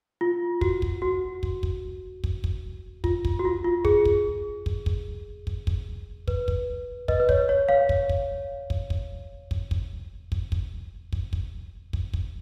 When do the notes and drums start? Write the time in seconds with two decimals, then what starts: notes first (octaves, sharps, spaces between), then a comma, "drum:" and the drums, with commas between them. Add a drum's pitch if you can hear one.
0.21 F4
0.61 F#4, drum: kick
0.82 drum: kick
1.02 F#4
1.43 drum: kick
1.63 drum: kick
2.24 drum: kick
2.44 drum: kick
3.04 F4, drum: kick
3.25 drum: kick
3.39 F#4
3.45 F4
3.64 F4
3.85 G#4, drum: kick
4.05 drum: kick
4.66 drum: kick
4.86 drum: kick
5.47 drum: kick
5.67 drum: kick
6.28 B4, drum: kick
6.48 drum: kick
7.08 B4 D#5, drum: kick
7.20 B4
7.29 C#5, drum: kick
7.49 C#5
7.69 C#5 F5
7.89 drum: kick
8.09 drum: kick
8.70 drum: kick
8.90 drum: kick
9.51 drum: kick
9.71 drum: kick
10.32 drum: kick
10.52 drum: kick
11.12 drum: kick
11.33 drum: kick
11.93 drum: kick
12.14 drum: kick